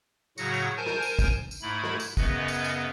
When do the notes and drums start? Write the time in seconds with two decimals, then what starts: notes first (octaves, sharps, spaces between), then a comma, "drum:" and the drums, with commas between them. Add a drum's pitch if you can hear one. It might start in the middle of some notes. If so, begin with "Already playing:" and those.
0.38 A2 C#3 F#3 F#4 F#5 A#6, drum: tambourine
0.54 drum: tambourine
0.77 A#4 C5 G#5 A5 G6
0.86 drum: rim click
1.02 drum: tambourine
1.19 drum: kick, tambourine
1.51 drum: tambourine
1.62 G#2 A3 E4 B5
1.83 drum: rim click
2.00 drum: tambourine
2.17 F#2 C#3 B3 B4 D#5, drum: kick, tambourine
2.48 drum: tambourine
2.64 drum: tambourine